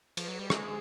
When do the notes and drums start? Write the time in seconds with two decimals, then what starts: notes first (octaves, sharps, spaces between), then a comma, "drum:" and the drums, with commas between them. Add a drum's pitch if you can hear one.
0.17 F3, drum: cymbal
0.28 F#3
0.39 G3
0.50 G#3 G#4, drum: rim click